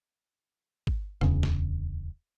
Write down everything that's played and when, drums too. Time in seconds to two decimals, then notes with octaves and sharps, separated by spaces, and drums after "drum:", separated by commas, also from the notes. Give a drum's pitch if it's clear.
0.87 drum: kick
1.21 D1 E2 C#3, drum: rim click
1.43 drum: snare